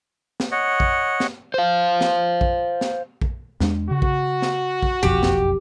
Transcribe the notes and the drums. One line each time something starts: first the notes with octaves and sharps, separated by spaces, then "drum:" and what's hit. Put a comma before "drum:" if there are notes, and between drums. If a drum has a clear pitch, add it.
drum: snare
C#5 D#5 F#5
drum: kick A#1
drum: snare
C5 F5
drum: snare
drum: kick A#1
drum: snare
drum: kick A#1
E2 G#3 D4, drum: snare
C#3 F#4
drum: kick A#1
drum: snare
drum: kick A#1
F#1 B1 F2 G4
drum: snare